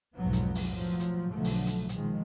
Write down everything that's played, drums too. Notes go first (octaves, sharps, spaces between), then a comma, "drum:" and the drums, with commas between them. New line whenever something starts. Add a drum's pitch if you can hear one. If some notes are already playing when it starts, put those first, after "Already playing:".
B1 F2 G#2 F3 F#3 B3
drum: hi-hat
drum: open hi-hat
A2 F3 F#3
drum: hi-hat
B1 D3 F3 F#3 A3
drum: open hi-hat
drum: hi-hat
A#2 D#3 F3 G#3, drum: hi-hat